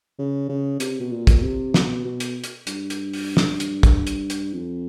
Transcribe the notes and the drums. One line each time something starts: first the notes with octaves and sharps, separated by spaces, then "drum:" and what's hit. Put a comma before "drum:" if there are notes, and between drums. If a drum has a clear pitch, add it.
C#3
C#3
C3, drum: hi-hat
B2
A#2
drum: kick, hi-hat
C3
B2, drum: snare
B2
drum: hi-hat
drum: hi-hat
G2, drum: hi-hat
drum: hi-hat
drum: open hi-hat
drum: snare
drum: hi-hat
drum: kick, hi-hat
drum: hi-hat
drum: hi-hat
F2